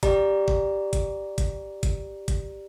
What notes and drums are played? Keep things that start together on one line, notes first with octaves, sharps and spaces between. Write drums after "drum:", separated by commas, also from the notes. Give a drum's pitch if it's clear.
G4 D5 A#5, drum: kick G1, hi-hat
drum: kick G1
drum: kick G1, hi-hat
drum: kick G1, hi-hat
drum: kick G1, hi-hat
drum: kick G1, hi-hat